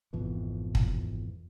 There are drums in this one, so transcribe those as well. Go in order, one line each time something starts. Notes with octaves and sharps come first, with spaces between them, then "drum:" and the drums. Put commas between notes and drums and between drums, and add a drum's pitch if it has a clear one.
G#1 F2 B2 E3
drum: kick